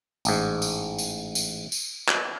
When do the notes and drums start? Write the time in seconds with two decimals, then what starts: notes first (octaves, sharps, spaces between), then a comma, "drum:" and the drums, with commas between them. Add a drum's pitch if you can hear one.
0.25 A1 G#2, drum: tambourine
0.62 drum: tambourine
0.98 drum: tambourine
1.35 drum: tambourine
1.72 drum: tambourine
2.09 drum: clap